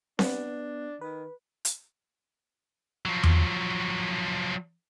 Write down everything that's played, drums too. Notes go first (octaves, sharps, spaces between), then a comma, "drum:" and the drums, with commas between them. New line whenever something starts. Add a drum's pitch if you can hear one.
B3 D4, drum: snare C4
D#3 B4
drum: hi-hat
F3 F#3
drum: tom E2